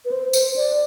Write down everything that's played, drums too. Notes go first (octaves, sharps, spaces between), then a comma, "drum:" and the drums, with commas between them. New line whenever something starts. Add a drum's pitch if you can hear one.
B4
C5
C5, drum: tambourine
D5